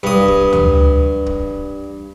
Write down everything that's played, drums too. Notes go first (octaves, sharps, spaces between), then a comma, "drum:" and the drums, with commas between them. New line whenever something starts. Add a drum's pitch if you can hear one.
G2 D#6
drum: kick
drum: tom D2
drum: kick